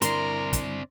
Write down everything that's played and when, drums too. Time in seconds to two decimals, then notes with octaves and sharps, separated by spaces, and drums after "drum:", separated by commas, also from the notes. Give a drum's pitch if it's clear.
0.02 G2 D3 C4 E4 A#4 D5 C6, drum: hi-hat
0.53 drum: kick, hi-hat